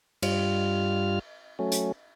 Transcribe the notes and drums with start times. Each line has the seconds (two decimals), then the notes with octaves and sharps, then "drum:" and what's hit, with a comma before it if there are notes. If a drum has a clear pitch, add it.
0.22 G2 G3 F4 F6, drum: cymbal
1.59 F#3 A3 C#4
1.72 drum: hi-hat